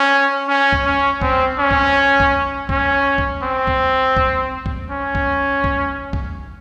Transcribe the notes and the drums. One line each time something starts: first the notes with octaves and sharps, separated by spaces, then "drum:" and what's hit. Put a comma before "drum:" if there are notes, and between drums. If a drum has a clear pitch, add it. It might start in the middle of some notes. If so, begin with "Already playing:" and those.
Already playing: C#4
C#4
drum: kick
C#4
C4, drum: kick
C#4
drum: kick
drum: kick
C#4, drum: kick
drum: kick
C4
drum: kick
drum: kick
drum: kick
C#4
drum: kick
drum: kick
drum: kick